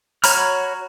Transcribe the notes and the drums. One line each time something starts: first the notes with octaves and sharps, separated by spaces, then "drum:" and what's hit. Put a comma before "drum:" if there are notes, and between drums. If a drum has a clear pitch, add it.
F#4 C#5 A#5 B5 F6, drum: open hi-hat